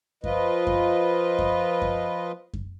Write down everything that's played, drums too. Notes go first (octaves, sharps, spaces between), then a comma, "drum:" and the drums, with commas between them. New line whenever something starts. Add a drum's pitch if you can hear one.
F3 F4 B4 D#5, drum: kick F#2
drum: kick F#2
drum: kick F#2
drum: kick F#2
drum: kick F#2